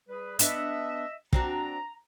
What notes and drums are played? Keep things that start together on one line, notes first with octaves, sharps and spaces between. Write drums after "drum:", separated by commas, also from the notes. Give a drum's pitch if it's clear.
G3 G#4 B4
B3 D4 B4 D#5 E5, drum: hi-hat
C4 D4 F#4 A#5, drum: kick